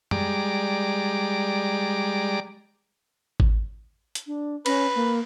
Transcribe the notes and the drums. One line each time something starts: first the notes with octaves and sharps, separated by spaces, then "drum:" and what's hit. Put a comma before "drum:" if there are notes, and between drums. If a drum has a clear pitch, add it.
G3 G#3 D5 A#5 D6, drum: tom
drum: kick G#1
drum: hi-hat
D4
C#4 B4, drum: cymbal
A#3